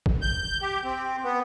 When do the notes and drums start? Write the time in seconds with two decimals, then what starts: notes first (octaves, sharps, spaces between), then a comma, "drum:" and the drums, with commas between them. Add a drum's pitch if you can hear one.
0.06 drum: kick
0.22 G6
0.61 G4
0.84 C4
1.24 B3